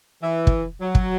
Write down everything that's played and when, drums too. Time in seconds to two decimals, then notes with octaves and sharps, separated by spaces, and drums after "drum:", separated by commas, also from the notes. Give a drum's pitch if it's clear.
0.22 E3
0.47 drum: kick
0.81 F#3
0.95 drum: kick